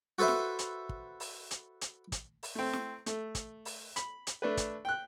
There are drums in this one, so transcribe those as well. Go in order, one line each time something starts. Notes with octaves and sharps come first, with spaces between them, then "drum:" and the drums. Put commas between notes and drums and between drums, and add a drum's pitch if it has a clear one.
F#4 A4 B4 C5 E5
drum: snare
drum: hi-hat
drum: kick
drum: open hi-hat
drum: hi-hat
drum: hi-hat
drum: kick, hi-hat
drum: open hi-hat
A3 C4
drum: snare
A3, drum: hi-hat
drum: kick, hi-hat
drum: open hi-hat
B5, drum: hi-hat
drum: hi-hat
A3 D4 B4
drum: kick, hi-hat
G5 F#6